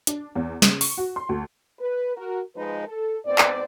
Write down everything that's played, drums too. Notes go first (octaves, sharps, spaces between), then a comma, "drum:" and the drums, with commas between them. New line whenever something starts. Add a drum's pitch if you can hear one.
D4, drum: hi-hat
E2
C#3, drum: snare
C#6, drum: open hi-hat
F#4
C6
D2
B4
F#4 A#4
F3 G#3 D#4 B4
A4
G#2 B3 C4 D5
drum: clap